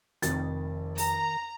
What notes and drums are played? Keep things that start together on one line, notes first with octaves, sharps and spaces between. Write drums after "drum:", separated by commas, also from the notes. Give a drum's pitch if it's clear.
F1 F2 D#3 A6, drum: hi-hat
A#5, drum: open hi-hat